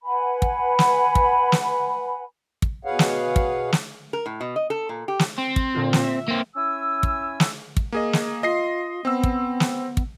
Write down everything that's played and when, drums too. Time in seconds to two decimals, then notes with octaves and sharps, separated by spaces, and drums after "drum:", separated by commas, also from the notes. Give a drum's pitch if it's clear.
0.03 B4 F#5 G#5 B5
0.42 drum: kick
0.79 drum: snare
1.15 drum: kick
1.52 drum: snare
2.62 drum: kick
2.85 B2 G#4 B4 C#5 F5 F#5
2.99 drum: snare
3.36 drum: kick
3.72 drum: snare
4.13 A#4
4.26 A2
4.41 B2
4.56 D#5
4.70 A4
4.89 A#2
5.08 G4
5.19 drum: snare
5.38 C4
5.56 drum: kick
5.75 A#2 D3 F4
5.93 drum: snare
6.03 E5
6.28 A#3 C4
6.55 C#4 E4 G#5 E6
7.03 drum: kick
7.40 drum: snare
7.77 drum: kick
7.92 A#3 G#4 D#5
8.13 drum: snare
8.43 F4 D#5 A#6 C7
9.05 B3 C4 E6
9.23 drum: kick
9.60 drum: snare
9.97 drum: kick